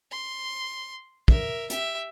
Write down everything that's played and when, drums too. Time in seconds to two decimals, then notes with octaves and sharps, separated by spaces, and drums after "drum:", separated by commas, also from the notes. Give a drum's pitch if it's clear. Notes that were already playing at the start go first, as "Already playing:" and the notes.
0.11 C6
1.28 A#4 E5, drum: kick
1.70 G4 E5, drum: hi-hat